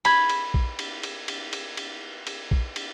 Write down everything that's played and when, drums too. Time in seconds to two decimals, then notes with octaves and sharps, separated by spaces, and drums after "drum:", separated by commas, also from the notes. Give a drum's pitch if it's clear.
0.05 B5 G#6, drum: cymbal
0.30 drum: cymbal
0.54 drum: kick A#1
0.79 drum: cymbal
1.03 drum: cymbal
1.28 drum: cymbal
1.53 drum: cymbal
1.77 drum: cymbal
2.27 drum: cymbal
2.51 drum: kick A#1
2.76 drum: cymbal